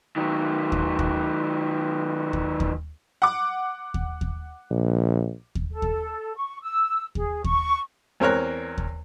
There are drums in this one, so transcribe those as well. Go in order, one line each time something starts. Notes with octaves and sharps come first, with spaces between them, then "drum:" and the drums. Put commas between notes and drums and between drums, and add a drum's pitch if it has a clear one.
D#3 F#3
drum: kick D#2
drum: kick D#2
drum: kick D#2
drum: kick D#2
F#5 D6
drum: kick D#2
drum: kick D#2
A#1
drum: kick D#2
A4
drum: kick D#2
C#6
E6
G#4, drum: kick D#2
C#6, drum: kick D#2
E2 C4 A#4 C#5 F#6
drum: kick D#2